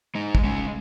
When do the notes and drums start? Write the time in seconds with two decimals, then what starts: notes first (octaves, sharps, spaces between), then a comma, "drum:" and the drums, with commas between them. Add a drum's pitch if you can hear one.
0.15 G#3 D#4
0.35 drum: kick
0.44 G#3 C#4